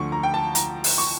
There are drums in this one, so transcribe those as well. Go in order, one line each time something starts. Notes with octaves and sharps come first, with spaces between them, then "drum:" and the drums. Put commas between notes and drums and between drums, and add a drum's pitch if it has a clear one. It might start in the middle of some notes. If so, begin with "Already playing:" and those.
Already playing: D2 D3 F3 C#6
A#5
G5
A5
A#5, drum: hi-hat
drum: open hi-hat
C#6